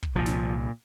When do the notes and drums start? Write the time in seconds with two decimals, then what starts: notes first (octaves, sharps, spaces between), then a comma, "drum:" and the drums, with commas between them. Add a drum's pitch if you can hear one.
0.03 drum: kick
0.15 C2 A#2 F3
0.26 drum: snare